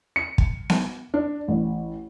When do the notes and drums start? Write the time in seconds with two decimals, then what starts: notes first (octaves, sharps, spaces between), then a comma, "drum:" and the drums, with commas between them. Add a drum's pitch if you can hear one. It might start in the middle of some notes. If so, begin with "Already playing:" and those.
0.16 C#7
0.38 drum: kick
0.70 drum: snare B3
1.14 D4
1.48 A1